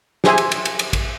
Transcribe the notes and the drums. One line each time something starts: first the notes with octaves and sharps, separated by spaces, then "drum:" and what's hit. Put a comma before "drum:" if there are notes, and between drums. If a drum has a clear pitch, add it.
G4 G#4 C5 E5 G#5, drum: snare
drum: cymbal
drum: cymbal
drum: cymbal
drum: cymbal
drum: kick, cymbal